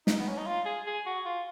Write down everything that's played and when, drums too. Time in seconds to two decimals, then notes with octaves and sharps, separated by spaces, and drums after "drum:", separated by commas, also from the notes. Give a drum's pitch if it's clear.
0.07 D#4, drum: snare
0.19 B3
0.29 C#4
0.38 D#4
0.46 F4
0.66 G#4
0.87 G#4
1.06 F#4
1.26 F4